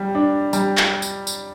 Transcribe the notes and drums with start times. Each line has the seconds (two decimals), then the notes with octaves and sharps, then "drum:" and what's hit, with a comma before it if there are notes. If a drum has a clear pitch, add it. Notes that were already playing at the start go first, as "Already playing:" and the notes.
Already playing: G3
0.15 D4
0.53 G3, drum: tambourine
0.77 drum: clap
1.02 drum: tambourine
1.27 drum: tambourine